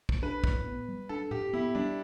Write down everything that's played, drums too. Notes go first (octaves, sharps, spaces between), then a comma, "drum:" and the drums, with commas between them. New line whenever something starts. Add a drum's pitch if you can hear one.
drum: kick
D4 B4
A2, drum: kick
B3
G3
D4 A4
A2 G4
B3 E4
G3 D4